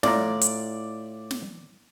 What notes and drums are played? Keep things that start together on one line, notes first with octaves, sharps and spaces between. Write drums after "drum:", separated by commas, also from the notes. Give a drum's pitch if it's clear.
A2 F4 D5 A#5, drum: snare
drum: hi-hat
drum: snare